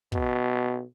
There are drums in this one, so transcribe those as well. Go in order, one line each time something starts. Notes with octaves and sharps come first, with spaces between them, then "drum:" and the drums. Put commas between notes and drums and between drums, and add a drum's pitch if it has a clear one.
B2, drum: kick